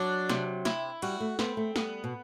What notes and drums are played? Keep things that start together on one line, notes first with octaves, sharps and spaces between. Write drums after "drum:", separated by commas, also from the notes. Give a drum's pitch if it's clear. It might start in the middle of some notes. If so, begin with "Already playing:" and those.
Already playing: F#3 D4
C3, drum: snare
E4, drum: snare
G3 F#4, drum: cymbal
A3
B3 C4, drum: snare
A3
G3 B3, drum: snare
B2